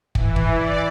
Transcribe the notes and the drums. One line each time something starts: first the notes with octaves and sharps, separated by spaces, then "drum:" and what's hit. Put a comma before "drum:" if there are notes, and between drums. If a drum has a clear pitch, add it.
E3, drum: kick
drum: kick
D5